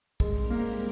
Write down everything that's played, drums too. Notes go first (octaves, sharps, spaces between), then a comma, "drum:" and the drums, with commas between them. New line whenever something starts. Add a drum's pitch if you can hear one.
G#2 G3 G#3 C4 G4 A#4, drum: kick
A#3